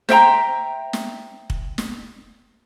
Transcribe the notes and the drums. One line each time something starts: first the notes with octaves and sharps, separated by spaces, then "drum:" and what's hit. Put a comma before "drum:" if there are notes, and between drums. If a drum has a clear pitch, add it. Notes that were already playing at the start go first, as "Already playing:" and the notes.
C5 E5 G5 A#5, drum: snare
drum: snare
drum: kick
drum: snare